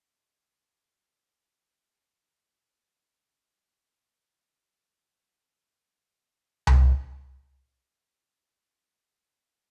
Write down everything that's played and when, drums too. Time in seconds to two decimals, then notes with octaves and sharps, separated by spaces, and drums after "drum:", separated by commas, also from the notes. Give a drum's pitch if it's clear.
0.16 D#4 B4 D#5
3.22 G#1 G3
5.42 E4
5.55 G#1
5.69 G2
5.82 F#3
5.97 G#1
6.18 G2
6.30 G3
6.43 F1
6.67 drum: tom C2
7.61 F3 F#5 D#7
8.34 D#5 E5 A5
8.88 G#5 E6